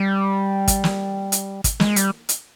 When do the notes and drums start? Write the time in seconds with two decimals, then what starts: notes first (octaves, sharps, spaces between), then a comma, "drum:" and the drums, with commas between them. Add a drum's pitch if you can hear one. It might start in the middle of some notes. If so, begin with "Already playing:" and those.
Already playing: G3
0.68 drum: kick, hi-hat
0.84 drum: snare
1.32 drum: hi-hat
1.64 drum: kick, hi-hat
1.80 G#3, drum: snare
1.96 G3, drum: hi-hat
2.29 drum: hi-hat